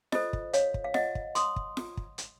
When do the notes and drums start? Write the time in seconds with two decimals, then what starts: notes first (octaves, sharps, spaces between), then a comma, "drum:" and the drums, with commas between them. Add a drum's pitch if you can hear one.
0.12 F4 A4 C5 D#5, drum: snare F4
0.33 drum: kick
0.53 C#5 F5, drum: hi-hat
0.74 drum: kick
0.84 F5
0.94 D#5 F#5, drum: snare F4
1.15 drum: kick
1.35 C6 D#6, drum: hi-hat
1.56 drum: kick
1.77 drum: snare F4
1.97 drum: kick
2.18 drum: hi-hat